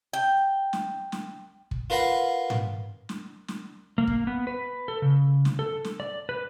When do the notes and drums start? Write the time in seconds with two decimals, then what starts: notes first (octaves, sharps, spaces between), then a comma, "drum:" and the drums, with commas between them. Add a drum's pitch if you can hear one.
0.13 G5
0.73 drum: snare
1.12 drum: snare
1.71 drum: kick
1.90 F4 A#4 B4 F5 F#5 A#5
2.50 drum: tom G#2
3.09 drum: snare
3.48 drum: snare
3.98 A#3
4.07 drum: kick
4.27 B3
4.47 B4
4.88 A4
5.02 C#3
5.45 drum: snare
5.59 A4
5.84 drum: snare
6.00 D5
6.29 B4